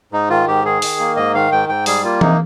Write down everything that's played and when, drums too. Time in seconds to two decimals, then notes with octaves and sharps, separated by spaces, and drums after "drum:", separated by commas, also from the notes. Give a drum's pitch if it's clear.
0.12 G#2 D#4
0.30 D#3 F4
0.48 G#2 G4
0.65 D#3 G#4
0.82 D#3, drum: open hi-hat
0.99 A#3
1.16 G#2 D#5
1.34 D#3 F5
1.52 G#2 G5
1.69 G#2 G5
1.86 G3 G#4, drum: open hi-hat
2.04 A#3 F4
2.21 C3 D#4, drum: tom E3